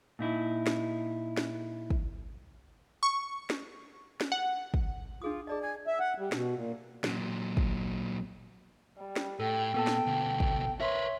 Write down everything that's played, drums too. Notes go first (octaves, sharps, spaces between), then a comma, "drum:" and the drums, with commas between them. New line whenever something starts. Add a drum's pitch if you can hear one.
A#2 D#4 E4
drum: snare
drum: snare
drum: kick
C#6
drum: snare
drum: snare
F#5
drum: kick
D4 F4 G#4 D#6
G#4 D5 D#5 A5
G#5
E5
F#5
G3
B2, drum: snare
A#2
A#2 F#3, drum: snare
drum: kick
G3
drum: snare
A2 A4 G5
A#2 B3 A4 A5
drum: snare
D2 B2
drum: kick
A#4 B4 C#5 E5 C6